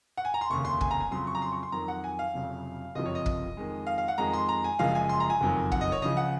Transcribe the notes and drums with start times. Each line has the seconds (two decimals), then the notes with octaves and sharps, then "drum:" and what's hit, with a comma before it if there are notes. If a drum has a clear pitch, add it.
0.17 F#5
0.25 G#5
0.34 A#5
0.41 C6
0.50 F1 D#2 C#3 C#6
0.65 C6
0.81 G#5, drum: kick
0.91 A#5
1.00 G#5
1.11 F2 C#3 F#3 C6
1.27 C#6
1.35 A#5
1.42 C6
1.52 C#6
1.63 C6
1.72 F2 D#3 F#3 A#5
1.88 F#5
2.04 G#5
2.19 F5
2.34 F1 F2 C#3 F#3
2.95 F#1 F2 C3 F3 D#5
3.06 C#5
3.15 D#5
3.26 drum: kick
3.57 F2 D#3 G#3
3.87 F5
3.98 F5
4.08 F#5
4.18 F2 D#3 G#3 A#5
4.33 C6
4.49 A#5
4.64 G#5
4.79 F#1 F#2 F3 G#3 F5
4.95 G#5
5.09 C6
5.20 A#5
5.30 G#5
5.41 F#1 F2 D#3 F#3
5.72 F#5, drum: kick
5.81 D#5
5.92 C#5
6.02 C#2 C#3 F3 D#5
6.17 F#5